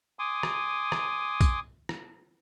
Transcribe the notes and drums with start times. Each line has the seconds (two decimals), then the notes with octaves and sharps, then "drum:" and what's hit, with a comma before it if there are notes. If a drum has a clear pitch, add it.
0.19 G#5 C6 D6 D#6
0.43 drum: rim click
0.92 drum: rim click
1.41 drum: kick A#1, tambourine
1.89 drum: rim click